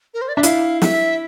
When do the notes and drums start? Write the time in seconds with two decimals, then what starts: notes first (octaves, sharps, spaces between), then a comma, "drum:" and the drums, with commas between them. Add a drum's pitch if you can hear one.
0.14 A#4
0.22 C5
0.29 D5
0.36 D4 E5
0.43 E4 F5, drum: hi-hat
0.82 E5, drum: snare